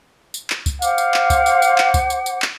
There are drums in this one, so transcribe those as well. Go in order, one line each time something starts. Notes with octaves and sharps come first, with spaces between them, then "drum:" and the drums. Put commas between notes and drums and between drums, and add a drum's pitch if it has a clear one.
drum: tambourine
drum: clap
drum: kick C#2, tambourine
C5 F5 F#5 D6, drum: tambourine
drum: tambourine
drum: clap
drum: kick C#2, tambourine
drum: tambourine
drum: tambourine
drum: clap
drum: kick C#2, tambourine
drum: tambourine
drum: tambourine
drum: clap